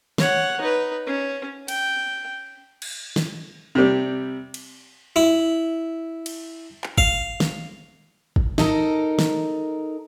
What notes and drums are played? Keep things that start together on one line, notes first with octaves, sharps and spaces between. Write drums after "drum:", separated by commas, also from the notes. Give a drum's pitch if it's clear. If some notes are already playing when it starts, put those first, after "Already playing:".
C#5 F#5, drum: snare
D#4 B4
C#4
G5, drum: cymbal
drum: cymbal
drum: snare
C3 G3
drum: cymbal
E4
drum: cymbal
drum: clap
F5, drum: kick
drum: snare
drum: kick
D#4 A4 A#4, drum: snare
drum: snare